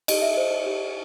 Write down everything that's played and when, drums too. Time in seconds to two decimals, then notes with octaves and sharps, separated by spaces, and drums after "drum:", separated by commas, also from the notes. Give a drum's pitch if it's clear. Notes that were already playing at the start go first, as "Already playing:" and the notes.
0.08 G4 D#5, drum: cymbal
0.22 E5
0.34 C5 D#5
0.66 G4